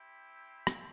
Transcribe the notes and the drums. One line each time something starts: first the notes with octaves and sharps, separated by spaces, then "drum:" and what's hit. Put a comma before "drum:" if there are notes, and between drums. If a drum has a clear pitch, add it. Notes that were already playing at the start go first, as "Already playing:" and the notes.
Already playing: C4 E4 G4
drum: rim click